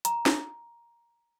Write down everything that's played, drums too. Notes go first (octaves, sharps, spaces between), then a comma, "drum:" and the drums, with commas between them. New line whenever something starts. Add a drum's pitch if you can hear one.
A#5, drum: hi-hat
drum: snare